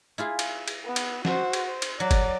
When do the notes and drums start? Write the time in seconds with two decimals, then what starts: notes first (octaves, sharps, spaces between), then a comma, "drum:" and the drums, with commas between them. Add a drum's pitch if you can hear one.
0.18 E4 F4 G#4
0.39 drum: cymbal
0.68 drum: cymbal
0.85 B3
0.96 drum: cymbal
1.25 F#4 C5, drum: snare
1.53 drum: cymbal
1.66 C5
1.82 drum: cymbal
2.00 F#3 D5
2.11 drum: kick G1, cymbal